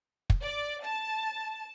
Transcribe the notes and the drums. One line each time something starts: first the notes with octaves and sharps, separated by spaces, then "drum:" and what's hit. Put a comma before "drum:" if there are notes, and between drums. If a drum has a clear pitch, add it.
drum: kick
D5
A5